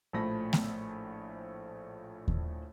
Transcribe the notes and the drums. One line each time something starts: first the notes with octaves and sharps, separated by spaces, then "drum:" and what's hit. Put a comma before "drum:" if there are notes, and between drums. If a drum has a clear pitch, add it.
A#1 A2 F3 A3 B5 A#6
drum: snare A3
drum: kick D#2